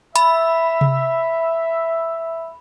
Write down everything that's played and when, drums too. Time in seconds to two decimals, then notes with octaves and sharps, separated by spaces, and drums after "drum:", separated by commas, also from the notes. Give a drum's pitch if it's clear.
0.16 E5 B5, drum: hi-hat
0.81 drum: tom C3